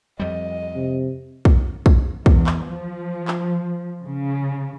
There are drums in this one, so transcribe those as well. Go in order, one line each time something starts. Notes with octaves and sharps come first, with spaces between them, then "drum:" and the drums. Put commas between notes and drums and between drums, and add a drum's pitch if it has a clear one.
F2 G3 D#5
C3
drum: kick
drum: kick
E2, drum: kick
drum: clap
F3
drum: clap
C#3